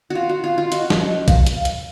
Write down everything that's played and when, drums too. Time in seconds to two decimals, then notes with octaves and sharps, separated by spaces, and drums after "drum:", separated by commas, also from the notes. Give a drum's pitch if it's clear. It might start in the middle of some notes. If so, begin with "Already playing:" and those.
0.10 F4 F#4 F5
0.29 F#4
0.44 F4 F5
0.58 F4
0.72 F#4 D#5, drum: hi-hat
0.90 drum: snare
1.00 D#5
1.28 F5, drum: kick B1, hi-hat
1.46 drum: hi-hat
1.56 F5
1.65 drum: hi-hat